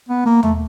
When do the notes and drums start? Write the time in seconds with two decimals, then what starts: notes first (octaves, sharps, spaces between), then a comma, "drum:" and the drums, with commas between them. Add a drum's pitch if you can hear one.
0.09 B3
0.26 A#3
0.43 A3, drum: tom D#2